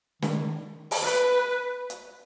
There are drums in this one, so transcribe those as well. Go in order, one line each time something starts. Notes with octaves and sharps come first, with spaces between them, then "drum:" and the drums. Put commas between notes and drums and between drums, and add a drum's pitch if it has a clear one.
D#3, drum: snare
drum: open hi-hat
B4
drum: hi-hat